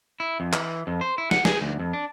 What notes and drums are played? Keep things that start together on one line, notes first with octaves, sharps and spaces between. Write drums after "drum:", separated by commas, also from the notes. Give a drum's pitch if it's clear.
E4
F2
E3, drum: clap
F2
C5
E4
F#5, drum: snare
G#4, drum: snare
D2
F2
D4